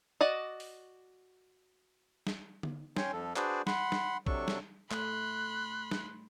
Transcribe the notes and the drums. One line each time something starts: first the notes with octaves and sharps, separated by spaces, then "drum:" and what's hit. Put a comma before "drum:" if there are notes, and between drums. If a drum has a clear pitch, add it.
F#4 D5 D#5
drum: open hi-hat
drum: snare
drum: tom D3
C#4 C#5 G5 G#5 C6, drum: snare
F2 F3 A4
D4 F#4 G#4 B4 C5 D5, drum: clap
F#5 B5 C6, drum: snare
drum: snare
C3 F#3 D4 A4 C#6, drum: kick
drum: snare
A3 B5 C6 F#6, drum: clap
drum: snare